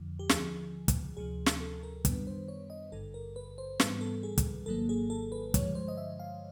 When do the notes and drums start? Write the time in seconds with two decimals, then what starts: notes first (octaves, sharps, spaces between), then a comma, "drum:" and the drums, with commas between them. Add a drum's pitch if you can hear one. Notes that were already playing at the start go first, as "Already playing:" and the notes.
Already playing: F2 D3 F3
0.19 G4
0.29 D#2 D3 F3 G#4, drum: snare
0.88 drum: kick, hi-hat
1.17 D2 C3 F3 G#4
1.46 drum: snare
1.61 A4
1.83 A#4
2.05 F#2 D#3 G3 B3 D4 B4, drum: kick, hi-hat
2.27 C5
2.48 C#5
2.70 D#5
2.92 G#1 G2 D3 A4
3.14 A#4
3.36 B4
3.58 C5
3.80 G#2 E3 G3 B3 B4, drum: snare
4.01 A4
4.23 G#4
4.38 drum: kick, hi-hat
4.66 G#1 G#2 D#3 F#3 A#3 A4
4.89 G#4
5.10 A4
5.32 B4
5.54 G2 D3 F3 G#3 C#5, drum: kick, hi-hat
5.75 C5
5.88 D#5
5.97 E5
6.20 F5